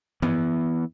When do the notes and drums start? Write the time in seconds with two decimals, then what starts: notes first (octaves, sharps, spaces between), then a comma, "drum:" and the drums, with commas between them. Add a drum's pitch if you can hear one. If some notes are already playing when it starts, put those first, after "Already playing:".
0.22 E3 B3, drum: tom F#2